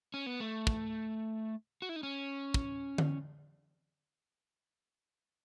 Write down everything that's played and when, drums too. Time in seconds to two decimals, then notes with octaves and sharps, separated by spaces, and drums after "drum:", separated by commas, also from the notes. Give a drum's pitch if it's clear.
0.14 C#4
0.26 B3
0.40 A3
0.67 drum: kick
1.82 F#4
1.89 E4
1.96 D#4
2.03 C#4
2.54 drum: kick
2.98 drum: tom D3